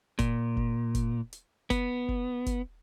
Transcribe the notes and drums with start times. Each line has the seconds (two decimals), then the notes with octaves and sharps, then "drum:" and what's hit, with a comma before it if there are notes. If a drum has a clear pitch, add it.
0.19 A#2, drum: kick, hi-hat
0.57 drum: kick
0.95 drum: kick, hi-hat
1.33 drum: hi-hat
1.70 B3, drum: kick, hi-hat
2.08 drum: kick
2.46 drum: kick, hi-hat